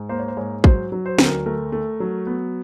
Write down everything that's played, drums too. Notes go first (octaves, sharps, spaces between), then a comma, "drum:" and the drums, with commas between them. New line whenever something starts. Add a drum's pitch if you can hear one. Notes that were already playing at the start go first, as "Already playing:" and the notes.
Already playing: G#2
A#3 C5
C#5
C5
G#2 C#5
F#3 C5, drum: kick
F#3
C5
D2, drum: snare
A#4
A3 A#4
A3
F#3
B3